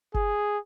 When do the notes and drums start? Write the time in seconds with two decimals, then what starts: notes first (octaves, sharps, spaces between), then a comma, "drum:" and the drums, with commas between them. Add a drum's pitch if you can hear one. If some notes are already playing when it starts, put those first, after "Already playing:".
0.14 G#4, drum: kick F#1